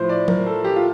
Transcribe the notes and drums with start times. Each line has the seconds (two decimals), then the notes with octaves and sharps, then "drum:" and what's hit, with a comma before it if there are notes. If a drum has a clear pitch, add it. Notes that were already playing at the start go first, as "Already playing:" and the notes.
Already playing: A2 F3 C5
0.09 D5
0.28 A#4, drum: tom F#3
0.46 A4
0.64 G4
0.76 F4